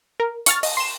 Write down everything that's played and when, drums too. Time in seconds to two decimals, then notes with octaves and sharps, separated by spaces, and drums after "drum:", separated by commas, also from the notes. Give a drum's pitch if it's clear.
0.20 A#4
0.46 C#6 F6 A6, drum: hi-hat
0.63 D#5, drum: open hi-hat
0.77 C6 E7